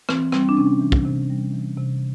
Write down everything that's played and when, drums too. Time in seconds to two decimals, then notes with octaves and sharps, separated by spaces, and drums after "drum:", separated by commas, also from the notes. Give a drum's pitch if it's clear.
0.09 E3 C4, drum: rim click
0.32 G3 C4, drum: rim click
0.49 D4
0.57 C3 C#4
0.81 E3
0.92 drum: kick
1.05 C3
1.30 G3
1.53 E3
1.78 C3